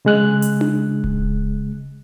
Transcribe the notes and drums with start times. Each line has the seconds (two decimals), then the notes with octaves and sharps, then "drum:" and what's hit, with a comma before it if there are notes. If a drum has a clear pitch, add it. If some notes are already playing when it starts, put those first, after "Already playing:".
0.05 C#3 G#3 F#6
0.42 drum: hi-hat
0.61 drum: tom D4
1.04 drum: kick D1